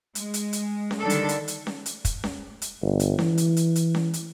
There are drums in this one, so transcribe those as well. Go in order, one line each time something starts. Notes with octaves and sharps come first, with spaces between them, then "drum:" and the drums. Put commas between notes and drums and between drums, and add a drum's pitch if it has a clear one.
G#3, drum: hi-hat
drum: hi-hat
drum: hi-hat
drum: snare C#4
D3 D#3 G3 D4 A4
drum: hi-hat
drum: hi-hat
drum: hi-hat
drum: snare C#4
drum: hi-hat
drum: kick, hi-hat
drum: snare C#4
drum: hi-hat
G1
drum: hi-hat
E3, drum: snare C#4
drum: hi-hat
drum: hi-hat
drum: hi-hat
drum: snare C#4
drum: hi-hat